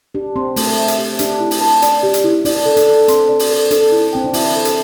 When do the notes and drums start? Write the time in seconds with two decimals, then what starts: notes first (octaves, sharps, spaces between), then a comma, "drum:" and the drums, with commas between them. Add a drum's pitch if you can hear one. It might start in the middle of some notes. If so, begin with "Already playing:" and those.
0.14 D4 G4
0.36 C4 C6
0.56 A3 A5, drum: open hi-hat
0.78 E5
0.88 drum: hi-hat
0.98 G4
1.19 D4 G4, drum: hi-hat
1.40 E4
1.51 drum: open hi-hat
1.61 A5
1.82 D5, drum: hi-hat
2.03 G4
2.14 drum: hi-hat
2.24 E4
2.45 D4 D5, drum: open hi-hat
2.65 A4
2.77 D4, drum: hi-hat
2.87 A4
3.08 C4 C6, drum: hi-hat
3.29 D5
3.39 drum: open hi-hat
3.49 A4
3.71 D4 A4, drum: hi-hat
3.92 E4
4.13 C4 G5
4.24 D4
4.33 E4 E5, drum: open hi-hat
4.55 A4
4.65 drum: hi-hat